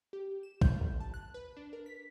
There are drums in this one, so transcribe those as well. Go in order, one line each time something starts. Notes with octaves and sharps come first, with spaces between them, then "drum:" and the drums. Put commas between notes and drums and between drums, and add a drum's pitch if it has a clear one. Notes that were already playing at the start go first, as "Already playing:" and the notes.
G4
E7
G6, drum: kick B1
A1
A5
F#6
B4
D4
A#4
B6